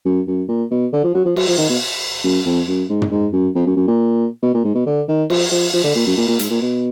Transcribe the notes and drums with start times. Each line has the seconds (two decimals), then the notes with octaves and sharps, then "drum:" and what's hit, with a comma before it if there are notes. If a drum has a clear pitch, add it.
0.05 F#2
0.28 F#2
0.49 A#2
0.71 B2
0.93 D3
1.04 F3
1.15 F#3
1.25 F3
1.36 F#3, drum: cymbal
1.48 F3
1.58 D#3
1.70 B2
2.24 F#2
2.46 F2
2.68 F#2
2.90 G#2
3.02 drum: tom
3.12 G#2
3.33 F#2
3.55 F2
3.66 F#2
3.77 F#2
3.88 A#2
4.42 B2
4.54 A#2
4.64 G#2
4.75 B2
4.86 D3
5.08 D#3
5.30 F3, drum: cymbal
5.52 F3
5.74 F3
5.84 D3
5.95 A#2
6.07 F#2
6.17 A#2
6.28 A#2
6.39 G#2, drum: hi-hat
6.50 A#2
6.61 B2